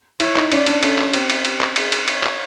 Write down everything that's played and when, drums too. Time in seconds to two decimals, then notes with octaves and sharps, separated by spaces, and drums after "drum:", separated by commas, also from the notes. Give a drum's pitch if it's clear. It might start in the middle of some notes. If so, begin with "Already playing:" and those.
0.20 E4 C#5, drum: cymbal
0.36 D#4, drum: clap
0.52 C#4 D5, drum: cymbal
0.66 D4, drum: cymbal
0.83 C#4 A4, drum: cymbal
0.98 drum: clap
1.13 C4 G4, drum: cymbal
1.30 drum: cymbal
1.45 G4, drum: cymbal
1.61 drum: clap
1.76 G#4, drum: cymbal
1.92 drum: cymbal
2.08 C#5, drum: cymbal
2.23 drum: clap